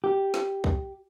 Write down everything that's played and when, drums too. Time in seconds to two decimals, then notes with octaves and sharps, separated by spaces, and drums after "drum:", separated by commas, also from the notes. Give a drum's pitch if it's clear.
0.04 G4
0.34 drum: snare
0.64 drum: kick